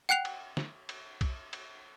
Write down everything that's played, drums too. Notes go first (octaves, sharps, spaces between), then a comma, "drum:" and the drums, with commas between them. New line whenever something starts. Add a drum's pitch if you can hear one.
F#5 G5 F#6 C7 F7
drum: cymbal
drum: snare
drum: cymbal
drum: kick, cymbal
drum: cymbal